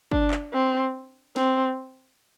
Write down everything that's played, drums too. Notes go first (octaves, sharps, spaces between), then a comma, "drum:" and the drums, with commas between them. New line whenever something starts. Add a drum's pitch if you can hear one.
D4, drum: kick
drum: clap
C4
C4, drum: snare C4